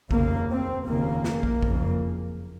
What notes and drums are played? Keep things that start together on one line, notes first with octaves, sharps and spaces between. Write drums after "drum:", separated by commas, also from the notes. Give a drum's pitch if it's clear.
F1 D#2 C#3 A#3, drum: kick
C4
F1 D#2 C#3 A#3
drum: snare
drum: kick
F#1 F2 C#3, drum: kick